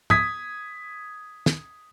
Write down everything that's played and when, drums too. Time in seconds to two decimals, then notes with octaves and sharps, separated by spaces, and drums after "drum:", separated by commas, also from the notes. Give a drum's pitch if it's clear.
0.10 D#6 G#6 B6, drum: tom
1.46 drum: snare